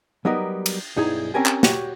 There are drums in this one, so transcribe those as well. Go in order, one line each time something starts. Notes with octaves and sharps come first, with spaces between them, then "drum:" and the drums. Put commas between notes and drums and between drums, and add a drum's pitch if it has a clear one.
F#3 G3 B3 D#4 A#4 D#5
drum: cymbal
B1 G2 D#4 E4 G#4 A#5
C4 C#4 G4 A#4 G#5 A5
drum: clap
F#4 G4 C#5, drum: snare